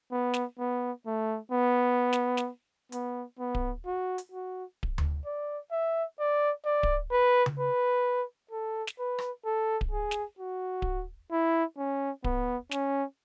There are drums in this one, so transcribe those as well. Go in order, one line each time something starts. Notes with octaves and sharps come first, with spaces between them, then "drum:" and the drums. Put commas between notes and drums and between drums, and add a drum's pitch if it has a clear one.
B3
drum: snare
B3
A3
B3
drum: snare
drum: snare
B3, drum: hi-hat
B3
drum: kick D1
F#4
drum: hi-hat
F#4
drum: kick D1
drum: tom D2
D5
E5
D5
D5
drum: kick D1
B4
drum: tom C#3
B4
A4
drum: snare
B4
drum: rim click
A4
drum: kick D1
G#4
drum: snare
F#4
drum: kick D1
E4
C#4
B3, drum: kick D1
C#4, drum: snare